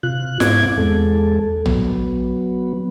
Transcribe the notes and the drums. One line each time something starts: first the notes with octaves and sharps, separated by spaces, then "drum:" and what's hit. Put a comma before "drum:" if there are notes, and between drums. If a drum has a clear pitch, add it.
C3 F4 F#6
G#2 B3 C4 E4 D6 G#6, drum: snare F4
E2 G#3 A4
F#3 B3, drum: tom